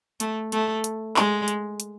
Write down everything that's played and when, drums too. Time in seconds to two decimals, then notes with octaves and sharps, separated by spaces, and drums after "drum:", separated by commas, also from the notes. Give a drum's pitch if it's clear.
0.20 A3, drum: hi-hat
0.52 A3, drum: hi-hat
0.84 drum: hi-hat
1.16 G#3, drum: clap
1.48 drum: hi-hat
1.80 drum: hi-hat